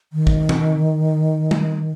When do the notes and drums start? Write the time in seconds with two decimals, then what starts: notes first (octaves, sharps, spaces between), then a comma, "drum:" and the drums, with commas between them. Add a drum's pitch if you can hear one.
0.13 D#3
0.27 drum: kick
0.49 drum: tom D#3
1.51 drum: tom G3